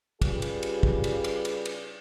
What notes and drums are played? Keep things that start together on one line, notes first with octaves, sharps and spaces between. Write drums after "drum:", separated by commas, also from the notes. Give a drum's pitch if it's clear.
C#3 G3 F4 G4 G#4 B4, drum: kick, cymbal
drum: cymbal
drum: cymbal
drum: kick
drum: cymbal
drum: cymbal
drum: cymbal
drum: cymbal